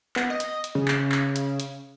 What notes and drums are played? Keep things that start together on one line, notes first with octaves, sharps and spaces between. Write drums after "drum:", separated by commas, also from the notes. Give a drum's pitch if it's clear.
B3, drum: clap
D#5
drum: hi-hat
drum: hi-hat
C#3
drum: clap
drum: clap
drum: hi-hat
drum: hi-hat